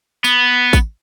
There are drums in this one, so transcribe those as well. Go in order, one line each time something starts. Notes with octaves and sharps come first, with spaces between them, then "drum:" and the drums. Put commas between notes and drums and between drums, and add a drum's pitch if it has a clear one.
B3, drum: tambourine
drum: kick A1, tambourine